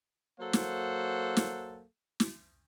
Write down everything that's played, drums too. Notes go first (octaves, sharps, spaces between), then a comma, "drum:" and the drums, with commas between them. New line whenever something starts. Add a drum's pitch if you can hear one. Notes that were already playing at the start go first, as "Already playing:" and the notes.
F#3 A#3 A4 C5 F#5
drum: snare
drum: snare
drum: snare